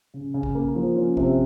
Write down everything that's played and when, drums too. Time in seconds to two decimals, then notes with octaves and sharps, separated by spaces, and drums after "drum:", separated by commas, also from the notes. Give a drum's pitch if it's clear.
0.14 C#3
0.34 C#3
0.43 drum: kick
0.55 A#3
0.76 F3
0.96 C#4
1.17 C3, drum: kick